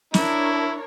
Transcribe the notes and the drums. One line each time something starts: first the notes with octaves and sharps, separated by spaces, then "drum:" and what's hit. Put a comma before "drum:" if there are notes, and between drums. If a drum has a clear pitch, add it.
D4 E4 A#4 C#5, drum: snare